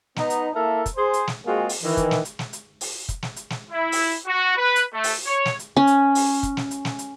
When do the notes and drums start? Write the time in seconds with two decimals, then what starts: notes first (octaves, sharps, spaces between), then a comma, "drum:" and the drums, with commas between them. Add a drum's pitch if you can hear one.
0.16 B3 D#4, drum: snare
0.30 drum: hi-hat
0.54 A#3 E4 A4 A#4 E5 A5
0.86 drum: kick, hi-hat
0.96 G#4 C5
1.14 drum: hi-hat
1.27 drum: snare
1.46 G#3 A#3 C4 F4 F#4 G#4
1.69 drum: open hi-hat
1.83 D#3 E3
1.97 drum: kick, hi-hat
2.11 drum: snare
2.25 drum: hi-hat
2.39 drum: snare
2.53 drum: hi-hat
2.81 drum: open hi-hat
3.09 drum: kick, hi-hat
3.23 drum: snare
3.36 drum: hi-hat
3.50 drum: snare
3.71 E4
3.92 drum: open hi-hat
4.26 F#4
4.57 B4
4.76 drum: hi-hat
4.93 A3
5.04 drum: open hi-hat
5.26 C#5
5.45 drum: snare
5.59 drum: hi-hat
5.77 C#4
5.87 drum: hi-hat
6.15 drum: open hi-hat
6.43 drum: kick, hi-hat
6.57 drum: snare
6.71 drum: hi-hat
6.85 drum: snare
6.99 drum: hi-hat